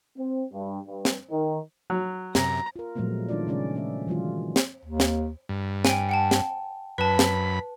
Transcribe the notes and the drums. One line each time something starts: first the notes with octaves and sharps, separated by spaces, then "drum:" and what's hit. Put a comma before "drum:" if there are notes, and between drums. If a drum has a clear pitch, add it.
C4
G2
G2
drum: snare
D#3
F#3
F#2 C3 A#5, drum: snare
F4 A#4
A#2 F3 F#3 G#3 A3 B3
D#3 G#3 D4 D#4 F4 D5
C#3 G#3 C#4 D5
A3 C#4 C5 E5
D#3 E3 F#3 G#3 F4
drum: snare
D#2
drum: snare
G2
G5 G#5, drum: snare
F#5 G5 A5
drum: snare
F#2 B4 A5 B5
drum: snare